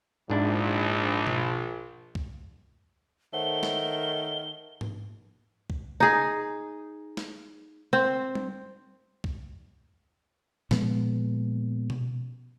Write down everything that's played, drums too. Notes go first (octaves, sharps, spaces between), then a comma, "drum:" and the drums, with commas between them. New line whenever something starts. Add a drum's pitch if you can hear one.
A#1 G#2 D4 E4
drum: tom B2
drum: kick C2
D#3 A3 C5 C#5 F#5 G7
drum: snare
drum: tom G#2
drum: kick C2
D#4 G#4
drum: snare
C4
drum: tom G3
drum: kick C2
A#2 F3 G#3 B3, drum: snare
drum: tom B2